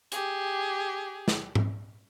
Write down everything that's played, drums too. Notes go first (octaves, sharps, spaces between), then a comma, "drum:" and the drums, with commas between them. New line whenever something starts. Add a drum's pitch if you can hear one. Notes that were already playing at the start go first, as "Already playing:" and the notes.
G4 G#4, drum: hi-hat
drum: snare
drum: tom G#2